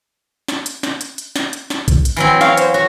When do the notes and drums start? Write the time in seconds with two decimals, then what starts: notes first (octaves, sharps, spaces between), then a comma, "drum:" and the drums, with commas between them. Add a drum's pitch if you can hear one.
0.48 drum: snare
0.66 drum: hi-hat
0.83 drum: snare
1.01 drum: hi-hat
1.18 drum: hi-hat
1.36 drum: snare
1.53 drum: hi-hat
1.70 drum: snare
1.88 drum: kick A#1, hi-hat
2.05 drum: hi-hat
2.16 E3 F#3 C4
2.41 C#5 F5, drum: snare
2.57 C5, drum: hi-hat
2.74 F#4 C#5